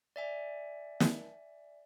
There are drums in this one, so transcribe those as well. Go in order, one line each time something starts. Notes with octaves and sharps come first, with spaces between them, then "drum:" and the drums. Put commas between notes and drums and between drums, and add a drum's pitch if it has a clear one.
D5 E5 G#5
drum: snare